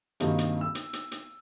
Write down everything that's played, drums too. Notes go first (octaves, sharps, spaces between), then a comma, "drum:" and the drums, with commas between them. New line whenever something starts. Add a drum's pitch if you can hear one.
G2 C3 D#3 A#3 D#4 F#4, drum: hi-hat
drum: hi-hat
E6
drum: hi-hat
drum: hi-hat
drum: hi-hat